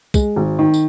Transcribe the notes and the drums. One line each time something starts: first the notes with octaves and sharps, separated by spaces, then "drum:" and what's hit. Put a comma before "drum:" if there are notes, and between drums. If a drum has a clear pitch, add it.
G#3, drum: kick, tambourine
G#1
D#3
drum: tambourine